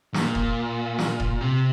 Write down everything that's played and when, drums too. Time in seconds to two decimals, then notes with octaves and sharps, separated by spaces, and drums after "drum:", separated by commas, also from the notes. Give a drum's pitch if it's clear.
0.14 A#2, drum: snare
0.35 drum: kick E1
0.99 drum: snare
1.20 drum: kick E1
1.41 C3